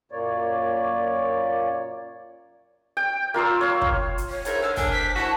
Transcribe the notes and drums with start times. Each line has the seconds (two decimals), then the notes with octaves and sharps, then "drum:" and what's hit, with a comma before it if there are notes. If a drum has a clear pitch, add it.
0.12 F#2 A#2 A#3 C#5 D5
2.97 G5
3.34 A#3 F4 C6 E6
3.61 C#5 F5
3.82 drum: kick
4.18 drum: hi-hat
4.29 C#5
4.45 G#2 E4 A#4 E5, drum: hi-hat
4.62 D3 D5 E6 F6
4.77 D4 A#4 G#5 E6, drum: kick
4.92 C5 B6
5.16 A3 E4 F#4 A4 F#5